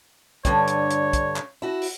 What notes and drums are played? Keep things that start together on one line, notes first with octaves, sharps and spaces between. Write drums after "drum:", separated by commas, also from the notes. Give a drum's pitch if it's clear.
G2 D3 C#5, drum: kick, hi-hat
drum: hi-hat
drum: hi-hat
drum: kick, hi-hat
drum: clap
E4 F#4
drum: open hi-hat